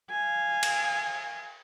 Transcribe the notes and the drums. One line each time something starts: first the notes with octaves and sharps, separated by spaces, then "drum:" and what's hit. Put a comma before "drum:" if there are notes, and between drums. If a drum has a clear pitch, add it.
F5 G#5
drum: cymbal